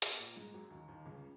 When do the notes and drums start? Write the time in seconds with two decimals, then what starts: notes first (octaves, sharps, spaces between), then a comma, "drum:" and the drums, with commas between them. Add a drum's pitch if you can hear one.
0.02 drum: hi-hat
0.11 B3
0.19 A#2 A#3
0.36 G#2 G#3
0.54 F#2 F#3
0.70 D#2 D#3
0.88 D#2 D#3
1.06 C#2 C#3